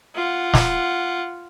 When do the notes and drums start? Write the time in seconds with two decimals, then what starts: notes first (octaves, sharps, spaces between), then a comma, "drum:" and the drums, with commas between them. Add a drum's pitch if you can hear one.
0.16 F4 F#5
0.54 drum: snare